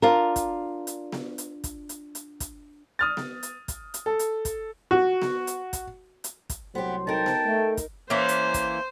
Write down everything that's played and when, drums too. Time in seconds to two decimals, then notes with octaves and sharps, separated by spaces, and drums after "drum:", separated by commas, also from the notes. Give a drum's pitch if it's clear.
0.02 D4 F4 A#4
0.36 drum: kick, hi-hat
0.87 drum: hi-hat
1.12 drum: snare B3
1.38 drum: hi-hat
1.64 drum: kick, hi-hat
1.89 drum: hi-hat
2.15 drum: hi-hat
2.40 drum: kick, hi-hat
2.99 D#6 F6 A6
3.17 drum: snare B3
3.43 drum: hi-hat
3.68 drum: kick, hi-hat
3.94 drum: hi-hat
4.06 A4
4.19 drum: hi-hat
4.45 drum: kick, hi-hat
4.91 F#4
5.22 drum: snare B3
5.47 drum: hi-hat
5.73 drum: kick, hi-hat
6.24 drum: hi-hat
6.49 drum: kick, hi-hat
6.75 C2 F#3 B3 G4 C5
7.07 D#4 A#4 G5 A5
7.26 drum: snare B3
7.45 A3
7.77 drum: kick, hi-hat
8.10 E3 A#3 C#4 C5
8.29 drum: hi-hat
8.54 drum: kick, hi-hat